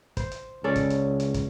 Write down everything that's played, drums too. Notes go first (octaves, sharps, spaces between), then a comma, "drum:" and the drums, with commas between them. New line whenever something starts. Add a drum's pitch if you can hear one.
C5, drum: kick, hi-hat
drum: hi-hat
C#2 C#4 A4 D5
drum: kick, hi-hat
drum: hi-hat
drum: hi-hat
drum: kick, hi-hat